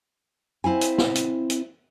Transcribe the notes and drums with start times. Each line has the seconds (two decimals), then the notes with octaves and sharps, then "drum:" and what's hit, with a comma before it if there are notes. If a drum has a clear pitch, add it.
0.64 C4 E4 F5 G#5
0.81 drum: hi-hat
0.98 drum: snare
1.15 drum: hi-hat
1.50 drum: hi-hat